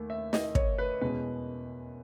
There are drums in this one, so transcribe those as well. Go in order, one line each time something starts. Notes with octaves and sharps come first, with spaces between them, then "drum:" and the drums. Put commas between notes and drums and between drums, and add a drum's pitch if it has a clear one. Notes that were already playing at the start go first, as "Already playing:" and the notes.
Already playing: D#2 A3
E5
D#5, drum: snare
C#5, drum: kick
B4
E2 B2 G#3 C#4 B4